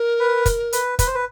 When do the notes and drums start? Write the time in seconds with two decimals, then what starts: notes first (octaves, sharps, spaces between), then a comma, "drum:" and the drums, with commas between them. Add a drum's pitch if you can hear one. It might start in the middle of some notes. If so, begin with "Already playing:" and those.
Already playing: A#4
0.20 B4
0.46 drum: kick, hi-hat
0.73 B4, drum: hi-hat
0.99 B4, drum: kick, hi-hat
1.07 C5
1.15 B4